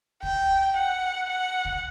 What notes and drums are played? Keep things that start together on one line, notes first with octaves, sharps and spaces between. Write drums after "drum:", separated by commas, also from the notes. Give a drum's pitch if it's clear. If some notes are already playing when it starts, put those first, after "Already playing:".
G5, drum: kick
F#5
F#5
drum: kick